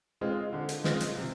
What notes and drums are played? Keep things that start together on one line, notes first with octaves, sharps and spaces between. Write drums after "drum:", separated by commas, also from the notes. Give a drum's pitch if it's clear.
G#3 C4 F4
D3
drum: hi-hat
G#3 C4 F4, drum: snare
drum: hi-hat
C3